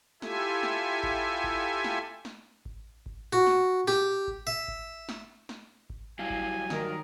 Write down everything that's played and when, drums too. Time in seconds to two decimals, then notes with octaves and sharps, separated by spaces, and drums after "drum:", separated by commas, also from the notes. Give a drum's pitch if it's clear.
0.22 E4 F4 G4 A4 E5 G#5, drum: snare
0.63 drum: snare
1.03 drum: kick G#1
1.44 drum: kick G#1
1.84 drum: snare
2.25 drum: snare
2.65 drum: kick G#1
3.06 drum: kick G#1
3.33 F#4
3.46 drum: snare
3.88 G4, drum: snare
4.28 drum: kick G#1
4.47 E5
4.68 drum: kick G#1
5.09 drum: snare
5.49 drum: snare
5.90 drum: kick G#1
6.19 F#3 G3 E4 F5 G#5
6.30 drum: kick G#1
6.70 D#3 A#4 D#6, drum: snare